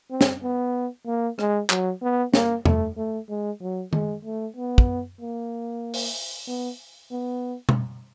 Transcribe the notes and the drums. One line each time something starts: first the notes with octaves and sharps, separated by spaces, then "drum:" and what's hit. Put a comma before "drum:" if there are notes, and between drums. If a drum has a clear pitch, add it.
C4
drum: snare
B3
A#3
G#3, drum: rim click
F#3, drum: clap
B3
A#3, drum: snare
A3, drum: tom E2
A3
G#3
F#3
G#3, drum: tom
A3
B3
drum: kick
A#3
drum: open hi-hat
B3
B3
drum: tom B2